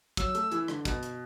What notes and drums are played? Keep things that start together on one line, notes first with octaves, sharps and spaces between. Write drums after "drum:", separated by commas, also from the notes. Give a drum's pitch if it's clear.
F#3 E6, drum: kick, hi-hat
A3, drum: hi-hat
E3, drum: hi-hat
D3, drum: rim click
B2, drum: kick, hi-hat
drum: hi-hat